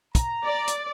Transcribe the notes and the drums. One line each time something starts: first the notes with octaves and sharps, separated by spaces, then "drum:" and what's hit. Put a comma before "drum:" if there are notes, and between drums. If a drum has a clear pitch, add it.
A#5, drum: kick, hi-hat
D5
drum: hi-hat